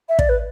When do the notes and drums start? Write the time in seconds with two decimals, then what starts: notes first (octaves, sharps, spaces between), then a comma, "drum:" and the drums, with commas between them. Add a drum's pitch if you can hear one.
0.08 E5
0.19 D5, drum: kick
0.29 B4